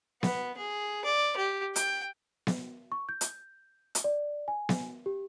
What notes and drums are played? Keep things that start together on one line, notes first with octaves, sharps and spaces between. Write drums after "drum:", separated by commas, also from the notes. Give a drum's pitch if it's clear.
B3, drum: snare B3
G#4
D5
G4
G5, drum: hi-hat
drum: snare B3
C#6
G6
drum: hi-hat
drum: hi-hat
D5
G#5
drum: snare B3
G4